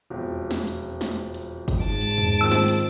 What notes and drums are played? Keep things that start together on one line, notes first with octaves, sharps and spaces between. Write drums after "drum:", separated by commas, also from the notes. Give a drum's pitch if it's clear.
E1 F2
drum: snare
drum: hi-hat
drum: snare
drum: hi-hat
drum: kick, hi-hat
G#2 A5 D7
drum: hi-hat
drum: tom E2
D#3 F3 C4 E6
drum: snare
drum: hi-hat